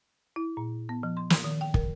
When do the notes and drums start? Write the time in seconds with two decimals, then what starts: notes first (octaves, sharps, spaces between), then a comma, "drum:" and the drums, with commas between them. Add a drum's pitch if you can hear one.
0.36 E4
0.57 A#2
0.89 B3
1.03 F3
1.17 C6
1.30 C6, drum: snare
1.44 D#3
1.61 G5
1.74 A#4, drum: kick